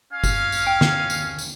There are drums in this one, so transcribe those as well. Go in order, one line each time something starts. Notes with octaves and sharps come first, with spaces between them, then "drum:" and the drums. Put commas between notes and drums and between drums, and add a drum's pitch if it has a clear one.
C#4 F5 G#5
drum: kick F#1, tambourine
drum: tambourine
G5
drum: snare
drum: tambourine
drum: tambourine